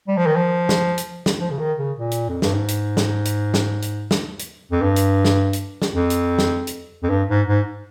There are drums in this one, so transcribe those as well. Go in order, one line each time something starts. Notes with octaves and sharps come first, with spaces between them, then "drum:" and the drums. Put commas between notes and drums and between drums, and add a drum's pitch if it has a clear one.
G3
F3
D#3
F3
drum: snare
drum: hi-hat
drum: snare
F3
C#3
D#3
C#3
A#2
drum: hi-hat
F2
G2, drum: snare
G#2
drum: hi-hat
drum: snare
drum: hi-hat
drum: snare
drum: hi-hat
drum: snare
drum: hi-hat
F2
G2
drum: hi-hat
drum: snare
drum: hi-hat
drum: snare
F2
drum: hi-hat
drum: snare
drum: hi-hat
F2
G2
G#2
G#2